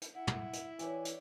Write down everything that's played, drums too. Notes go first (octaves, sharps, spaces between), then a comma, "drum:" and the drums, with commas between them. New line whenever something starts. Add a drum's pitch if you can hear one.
drum: hi-hat
E4 F#5
drum: tom
drum: hi-hat
E3 G4 C#5 D5 G#5, drum: hi-hat
drum: hi-hat